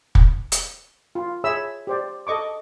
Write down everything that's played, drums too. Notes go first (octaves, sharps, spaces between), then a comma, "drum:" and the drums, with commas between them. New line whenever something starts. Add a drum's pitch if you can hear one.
drum: kick
drum: hi-hat
F4
G#4 C#5 E5 B5 E6
G4 C5 D5
A4 D#5 C#6 D6